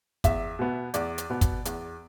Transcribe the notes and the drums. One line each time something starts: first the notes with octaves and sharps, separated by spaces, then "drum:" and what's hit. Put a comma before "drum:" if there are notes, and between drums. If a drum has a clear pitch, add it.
E2 E5, drum: kick, hi-hat
B2 B3
E2 D5, drum: hi-hat
drum: hi-hat
B2 B3
drum: kick, hi-hat
E2, drum: hi-hat